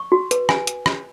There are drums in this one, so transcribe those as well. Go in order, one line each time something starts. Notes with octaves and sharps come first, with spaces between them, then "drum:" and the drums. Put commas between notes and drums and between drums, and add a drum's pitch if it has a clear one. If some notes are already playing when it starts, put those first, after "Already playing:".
Already playing: C#6
F#4
B4, drum: hi-hat
G#5, drum: rim click
drum: hi-hat
drum: rim click